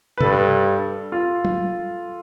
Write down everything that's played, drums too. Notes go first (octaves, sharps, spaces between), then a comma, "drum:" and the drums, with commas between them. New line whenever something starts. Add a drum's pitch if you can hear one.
B4
G2 A4, drum: tom C3
F4
drum: tom F#3